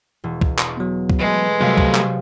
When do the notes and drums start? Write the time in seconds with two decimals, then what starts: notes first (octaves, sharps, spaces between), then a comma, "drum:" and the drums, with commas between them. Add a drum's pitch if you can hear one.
0.24 E1
0.41 drum: kick C2
0.58 drum: clap
0.77 F#3 B3
1.10 drum: kick C2
1.19 G#3 A3 B4 D#5
1.61 C3 F#3 G3 A3 F5 B6
1.78 drum: kick C2
1.95 drum: clap